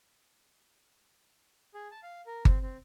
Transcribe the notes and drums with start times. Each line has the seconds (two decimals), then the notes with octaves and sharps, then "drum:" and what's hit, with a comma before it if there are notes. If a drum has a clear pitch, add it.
1.74 G#4
1.91 A5
2.03 F5
2.26 A#4
2.45 C4, drum: kick G1
2.62 C4